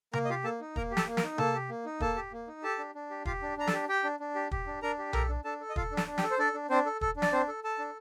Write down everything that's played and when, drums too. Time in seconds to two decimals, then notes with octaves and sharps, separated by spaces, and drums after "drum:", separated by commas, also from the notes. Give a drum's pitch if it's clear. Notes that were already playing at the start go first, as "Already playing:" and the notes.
0.13 A#3 A#4 A#5, drum: tom C3
0.25 D#5
0.30 F4 G4 F5
0.44 A#3 A4 A5
0.60 D#4
0.76 A#3 A#4 A#5, drum: kick
0.91 G4
0.97 A4 A5, drum: snare
1.07 A#3
1.17 A#4 A#5, drum: snare
1.23 D#4
1.38 A#3 A4 A5, drum: tom C3
1.54 G4
1.69 A#3
1.85 D#4
2.00 A#3 A4 A5, drum: kick
2.16 G4
2.32 A#3
2.48 D#4
2.63 G4 A4 A5
2.79 D4
2.95 D4
3.10 G4
3.25 F4 G4 F5, drum: kick
3.42 D4
3.57 D4 A#5
3.67 A4 A5, drum: snare
3.73 G4
3.89 G4 G5
4.04 D4
4.20 D4
4.35 G4
4.51 G4, drum: kick
4.67 D4
4.82 D4 A#4 A#5
4.98 G4
5.13 A4 A#4 A#5, drum: tom B1
5.29 D4
5.44 D4 A4 A5
5.61 A4
5.70 D#5
5.76 F4 A4 F5, drum: kick
5.92 D4
5.97 A4 A5, drum: snare
6.07 D4
6.18 G4 G5, drum: snare
6.23 A4
6.31 C5
6.39 D4 A4 D5
6.54 D4
6.70 C4 D4 C5
6.86 A4
7.01 A4, drum: kick
7.16 D4
7.22 D5, drum: snare
7.32 C4 D4 C5
7.48 A4
7.64 A4 A5
7.79 D4